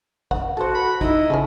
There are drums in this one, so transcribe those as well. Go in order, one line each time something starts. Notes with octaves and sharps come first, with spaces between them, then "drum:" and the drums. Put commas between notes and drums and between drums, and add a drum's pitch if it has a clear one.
F#5, drum: kick A1
F#4 A4 C5
B5
D#4 E4 D#5, drum: kick A1
C#3 C#4 G#4 A4